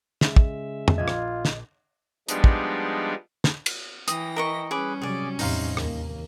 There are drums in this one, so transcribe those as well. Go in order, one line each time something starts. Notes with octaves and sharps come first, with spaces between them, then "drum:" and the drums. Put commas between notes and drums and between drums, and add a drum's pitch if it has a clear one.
C#3 G#3 E5, drum: snare
drum: kick
drum: tom
A#1 F4 D#5 G#5 G#6
drum: rim click
drum: snare
F3 G3 G#3 B3 D4 D#4, drum: hi-hat
drum: kick
drum: snare
drum: cymbal
E3 G5 D#6 A#6, drum: hi-hat
A#4 D#5 C#6
G3 C#4 G#4 B4 D6
C3 F#3 G#4 D5
A1 E2 C3 D#4 F5 C6, drum: open hi-hat
D#2 A#3, drum: rim click